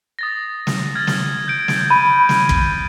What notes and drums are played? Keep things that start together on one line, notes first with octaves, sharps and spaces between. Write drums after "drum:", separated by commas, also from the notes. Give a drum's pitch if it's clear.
D#6 A6 A#6
drum: snare
F6 G#6 A6
drum: snare
G6 D7
drum: snare
B5 D#7
drum: snare
drum: kick